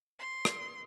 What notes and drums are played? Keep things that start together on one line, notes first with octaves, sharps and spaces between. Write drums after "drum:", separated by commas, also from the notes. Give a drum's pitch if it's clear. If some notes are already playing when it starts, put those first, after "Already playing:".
C6
drum: rim click